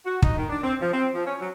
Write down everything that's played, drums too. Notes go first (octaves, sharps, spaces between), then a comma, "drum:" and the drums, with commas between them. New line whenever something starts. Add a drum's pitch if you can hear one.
F#4
D#4, drum: kick
D#3
D4
C4
F3
C4
F3
C#4
F#3